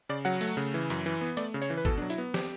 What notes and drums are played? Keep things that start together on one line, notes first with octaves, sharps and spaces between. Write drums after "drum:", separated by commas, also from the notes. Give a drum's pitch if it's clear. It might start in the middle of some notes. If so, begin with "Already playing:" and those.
C#3 D5
F#3 F#5
A3, drum: open hi-hat
C#3
E3
F#2, drum: hi-hat
E3
B3
A3 D5, drum: hi-hat
C#3
C#5, drum: hi-hat
E3
B4
B2 A4, drum: kick
F#3 D4
E4, drum: hi-hat
B3
G4, drum: snare